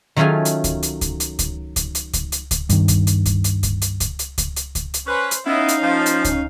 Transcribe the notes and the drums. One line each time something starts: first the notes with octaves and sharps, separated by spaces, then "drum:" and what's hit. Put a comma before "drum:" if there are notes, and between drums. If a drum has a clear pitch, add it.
D#3 F#3 A3 C#4 F4 G#5
drum: hi-hat
drum: kick C#2, hi-hat
drum: hi-hat
drum: kick C#2, hi-hat
drum: hi-hat
drum: kick C#2, hi-hat
drum: kick C#2, hi-hat
drum: hi-hat
drum: kick C#2, hi-hat
drum: hi-hat
drum: kick C#2, hi-hat
G2 D#3, drum: hi-hat
drum: kick C#2, hi-hat
drum: hi-hat
drum: kick C#2, hi-hat
drum: hi-hat
drum: kick C#2, hi-hat
drum: hi-hat
drum: kick C#2, hi-hat
drum: hi-hat
drum: kick C#2, hi-hat
drum: hi-hat
drum: kick C#2, hi-hat
drum: hi-hat
C#4 B4 C5
drum: hi-hat
B3 C#4 D#4 E4 D#5 F5
drum: hi-hat
F3
drum: hi-hat
drum: kick C#2, hi-hat